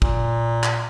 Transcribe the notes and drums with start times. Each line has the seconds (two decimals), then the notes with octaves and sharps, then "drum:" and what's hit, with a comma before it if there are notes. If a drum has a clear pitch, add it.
0.02 A#2, drum: kick
0.63 drum: clap